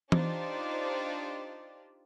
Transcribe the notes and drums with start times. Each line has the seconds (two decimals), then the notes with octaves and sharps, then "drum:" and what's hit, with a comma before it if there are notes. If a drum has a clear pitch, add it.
0.12 D4 D#4 F4 G4 C5 D5, drum: tom E3